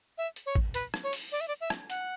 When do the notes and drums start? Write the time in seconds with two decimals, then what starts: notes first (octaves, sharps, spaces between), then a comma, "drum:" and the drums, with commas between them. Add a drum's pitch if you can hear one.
0.18 E5
0.36 drum: hi-hat
0.46 C#5
0.55 drum: kick
0.74 B4, drum: hi-hat
0.94 drum: rim click
1.03 C#5
1.13 drum: open hi-hat
1.32 D5
1.41 E5
1.48 D5
1.61 E5
1.70 drum: rim click
1.90 F#5, drum: hi-hat